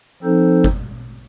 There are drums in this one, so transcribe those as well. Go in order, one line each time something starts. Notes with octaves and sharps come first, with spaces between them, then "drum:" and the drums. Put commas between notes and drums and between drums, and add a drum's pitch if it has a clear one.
F3 C4 D#4 A4 C5
drum: kick G1